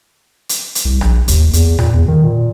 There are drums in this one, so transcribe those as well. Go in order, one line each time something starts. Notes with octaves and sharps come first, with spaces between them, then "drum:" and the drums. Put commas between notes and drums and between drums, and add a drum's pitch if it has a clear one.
drum: hi-hat
drum: hi-hat
C2
A#1, drum: rim click
D#2, drum: kick C2, hi-hat
E2, drum: hi-hat
A#2, drum: rim click
E2
D#3
A#2